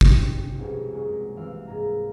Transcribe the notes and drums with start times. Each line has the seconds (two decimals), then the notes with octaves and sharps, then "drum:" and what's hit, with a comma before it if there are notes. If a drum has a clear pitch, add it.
0.01 C#4 G5, drum: kick
0.57 C2 F2 B2 G#3
0.91 F#3 G#3 A#3
1.36 F1 E3 F5 E6
1.67 G#2 A#3 A#5